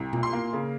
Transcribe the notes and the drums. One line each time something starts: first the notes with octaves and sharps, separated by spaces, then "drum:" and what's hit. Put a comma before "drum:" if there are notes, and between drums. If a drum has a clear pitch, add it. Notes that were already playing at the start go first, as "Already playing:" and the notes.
Already playing: C2
A#2, drum: tom B2
C6
A#3
C#3